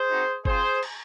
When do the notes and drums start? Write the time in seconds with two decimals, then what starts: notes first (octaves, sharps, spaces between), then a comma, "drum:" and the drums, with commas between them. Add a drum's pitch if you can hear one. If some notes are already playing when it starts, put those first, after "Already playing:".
Already playing: G#4 C5
0.08 C4 D#4 F#4
0.45 C4 F4 G#4 C5, drum: kick G1
0.83 drum: cymbal